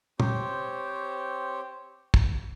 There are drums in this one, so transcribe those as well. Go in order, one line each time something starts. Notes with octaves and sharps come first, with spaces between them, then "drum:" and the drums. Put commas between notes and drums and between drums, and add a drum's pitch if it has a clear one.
C4 G4 C5 C#5, drum: tom
drum: kick